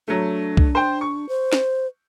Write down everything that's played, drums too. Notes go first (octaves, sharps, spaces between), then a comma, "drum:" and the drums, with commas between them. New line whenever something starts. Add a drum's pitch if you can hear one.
F#3 A3 D4
drum: kick
C5 G5
C#6
C5
drum: snare